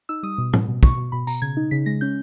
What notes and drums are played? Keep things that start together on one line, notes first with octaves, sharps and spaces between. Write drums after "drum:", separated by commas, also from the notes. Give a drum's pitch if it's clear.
D#4 E6
G3 D#6
B2
G3, drum: tom
B2
B2 C#6, drum: kick
B2
B2 B5
B2 A#5, drum: tambourine
C#3 G#6
D#4
C#3 B6
G#3 A#6
C#4 G6